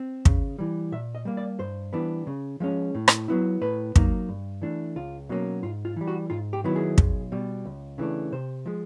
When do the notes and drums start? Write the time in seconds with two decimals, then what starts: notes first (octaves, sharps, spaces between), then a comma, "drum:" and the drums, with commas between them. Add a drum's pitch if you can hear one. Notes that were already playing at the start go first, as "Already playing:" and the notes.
Already playing: C4
0.25 C#3, drum: kick
0.58 E3 G3
0.92 A#2 E5
1.15 D#5
1.25 G3 A#3
1.37 D5
1.59 G2 C5
1.93 E3 G3 B3 D4
2.27 C#3
2.60 F3 G#3 C#4
2.95 A2
3.08 drum: rim click
3.28 F#3 B3 E4
3.61 A2 B4
3.96 F#3 A#3 D#4, drum: kick
4.29 G2
4.62 E3 A3 D4
4.96 C#2 F4
5.29 B2 F#3 A#3 C#4
5.63 G#2 F4
5.85 F4
5.96 E3 G3
6.07 F#4
6.30 G#2 F4
6.53 G4
6.64 D#3 F#3 B3 E4
6.76 G#4
6.98 B1, drum: kick
7.32 B2 G3
7.66 C#2
7.98 C#3 E3 A3 D4
8.32 C3 C5
8.66 F3 G#3